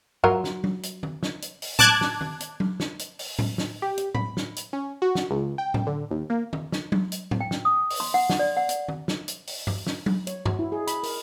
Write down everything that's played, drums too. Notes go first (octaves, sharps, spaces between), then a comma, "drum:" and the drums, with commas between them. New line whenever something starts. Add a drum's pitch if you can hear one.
F#3 F4 A#4, drum: tom G2
drum: snare
drum: tom F#3
drum: hi-hat
drum: tom D#3
drum: snare
drum: hi-hat
drum: open hi-hat
A5 D6 F#6 G#6, drum: tom A2
drum: snare
drum: tom D#3
drum: hi-hat
drum: tom F#3
drum: snare
drum: hi-hat
drum: open hi-hat
drum: tom A2
drum: snare
G4
drum: hi-hat
B5, drum: tom A2
drum: snare
drum: hi-hat
C#4
F#4
drum: snare
C#2
G5
drum: tom A2
D3
D#2
A#3
drum: tom D#3
drum: snare
drum: tom F#3
drum: hi-hat
drum: tom A2
G5
drum: snare
D#6
drum: open hi-hat
C6
F#5
drum: snare
D5
F#5
drum: hi-hat
drum: tom D#3
drum: snare
drum: hi-hat
drum: open hi-hat
drum: tom G2
drum: snare
drum: tom F#3
C#5, drum: hi-hat
F#4, drum: tom G2
E4
G#4
B5, drum: hi-hat
A#4, drum: open hi-hat